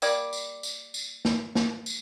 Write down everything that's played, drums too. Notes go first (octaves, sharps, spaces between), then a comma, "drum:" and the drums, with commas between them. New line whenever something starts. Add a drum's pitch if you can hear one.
G3 A#3 D5, drum: tambourine
drum: tambourine
drum: tambourine
drum: tambourine
drum: snare
drum: snare
drum: tambourine